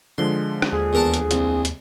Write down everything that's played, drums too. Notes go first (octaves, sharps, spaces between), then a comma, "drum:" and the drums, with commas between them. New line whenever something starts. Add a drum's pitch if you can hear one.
D3 F3 G#3 C6
drum: rim click
D#2 G#4
E2 A#4 A5
drum: hi-hat
C2, drum: hi-hat
drum: hi-hat